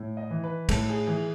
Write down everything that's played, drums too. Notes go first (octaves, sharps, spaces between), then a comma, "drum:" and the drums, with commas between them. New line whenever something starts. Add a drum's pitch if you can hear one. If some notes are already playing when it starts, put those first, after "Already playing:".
Already playing: A2
D#5
E3
B4
A2 A4, drum: kick, cymbal
G#4
E3 G#4